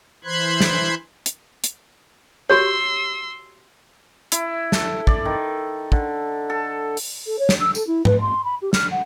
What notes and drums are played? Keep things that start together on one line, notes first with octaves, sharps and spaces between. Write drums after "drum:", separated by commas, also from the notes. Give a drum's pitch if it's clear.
E3 C5 B5 C6 F#6 G#6
drum: snare
drum: hi-hat
drum: hi-hat
F#4 G4 C#5 C6 E6
E4, drum: hi-hat
A4, drum: snare
D5, drum: kick
D#3
D3, drum: kick
A4
drum: open hi-hat
A4
C#5
drum: snare
E6
A4, drum: tambourine
E4
B4, drum: tom G#2
C6
B5
G4
F6, drum: snare
F#5